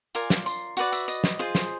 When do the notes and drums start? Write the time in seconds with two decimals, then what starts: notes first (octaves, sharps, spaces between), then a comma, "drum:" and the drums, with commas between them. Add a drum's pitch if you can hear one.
0.15 F4 A#4 D5 G#5, drum: tambourine
0.30 drum: snare
0.46 C6, drum: tambourine
0.77 F#4 B4 D5 F#5, drum: tambourine
0.93 E5, drum: tambourine
1.08 D#5, drum: tambourine
1.24 drum: snare
1.39 F4 G#4 C5
1.55 drum: snare